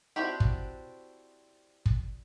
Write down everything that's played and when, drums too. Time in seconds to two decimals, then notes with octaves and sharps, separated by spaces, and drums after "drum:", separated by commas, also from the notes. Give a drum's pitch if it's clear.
0.16 C4 D4 E4 F#4 G4
0.40 drum: kick
1.86 drum: kick